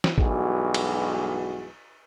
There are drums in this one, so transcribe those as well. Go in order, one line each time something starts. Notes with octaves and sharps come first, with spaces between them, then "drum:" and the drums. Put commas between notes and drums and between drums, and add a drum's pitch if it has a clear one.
drum: snare
B1 G2 E3 G#3 F#4, drum: kick
drum: cymbal